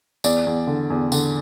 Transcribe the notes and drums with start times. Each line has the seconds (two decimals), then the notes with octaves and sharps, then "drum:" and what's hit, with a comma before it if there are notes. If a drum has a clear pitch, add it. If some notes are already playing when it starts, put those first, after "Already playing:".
0.24 E2 D5, drum: tambourine
0.47 E2
0.67 D3
0.90 E2
1.12 D3, drum: tambourine